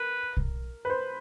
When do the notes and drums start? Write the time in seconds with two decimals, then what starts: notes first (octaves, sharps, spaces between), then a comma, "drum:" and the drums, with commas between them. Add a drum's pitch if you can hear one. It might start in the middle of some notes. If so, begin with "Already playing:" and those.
Already playing: A#4 B4
0.37 drum: kick B1
0.85 B4
0.90 C5